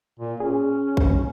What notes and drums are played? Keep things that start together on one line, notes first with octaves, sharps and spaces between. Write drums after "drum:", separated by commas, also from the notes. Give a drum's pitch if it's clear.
A#2
C#4 G#4
drum: kick A1